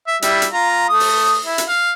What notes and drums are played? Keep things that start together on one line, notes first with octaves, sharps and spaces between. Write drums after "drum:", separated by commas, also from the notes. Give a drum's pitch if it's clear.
E5
G3 E4 E5, drum: hi-hat
drum: hi-hat
F4 A#5
A3 D#6
drum: open hi-hat
E4
drum: hi-hat
F5